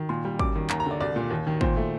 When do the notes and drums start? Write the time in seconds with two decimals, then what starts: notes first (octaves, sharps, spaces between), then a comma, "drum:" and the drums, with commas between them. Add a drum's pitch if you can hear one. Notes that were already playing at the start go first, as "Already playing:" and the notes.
Already playing: D#3
0.09 A#2 C6
0.25 G3
0.39 F#2 D6, drum: kick
0.56 D#3
0.70 D#2 A#5, drum: clap
0.80 A#5
0.86 D3 D5
1.01 C2 D5
1.16 A#2
1.30 D#2
1.47 D#3
1.61 A#2 C5, drum: kick
1.77 A3